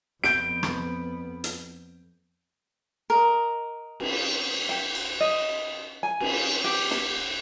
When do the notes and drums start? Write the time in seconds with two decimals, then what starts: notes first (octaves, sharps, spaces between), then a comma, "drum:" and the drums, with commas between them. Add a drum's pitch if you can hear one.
0.24 F2 B3 G6 D7, drum: snare
0.63 drum: rim click
1.44 drum: hi-hat
3.10 A#4 D#5
4.00 drum: cymbal
4.69 G5
4.95 drum: cymbal
5.21 D#5
6.03 G#5
6.20 drum: cymbal
6.64 G4
6.91 drum: snare